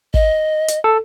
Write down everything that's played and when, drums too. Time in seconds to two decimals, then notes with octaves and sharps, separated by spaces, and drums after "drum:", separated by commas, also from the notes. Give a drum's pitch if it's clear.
0.14 D#5, drum: kick
0.68 drum: hi-hat
0.84 A4